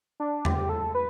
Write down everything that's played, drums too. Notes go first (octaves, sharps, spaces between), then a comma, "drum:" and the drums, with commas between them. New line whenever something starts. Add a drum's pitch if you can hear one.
D4
G4, drum: tom E2
A4
B4